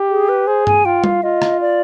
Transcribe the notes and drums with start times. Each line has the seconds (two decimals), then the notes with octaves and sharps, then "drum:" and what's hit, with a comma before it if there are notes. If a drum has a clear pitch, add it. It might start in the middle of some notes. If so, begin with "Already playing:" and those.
Already playing: G4
0.10 G#4
0.29 B4
0.47 G#4 C5
0.67 G#5, drum: tom G2
0.85 F4 G5
1.04 F5, drum: tom G3
1.23 F4 D#5
1.42 drum: rim click
1.61 D5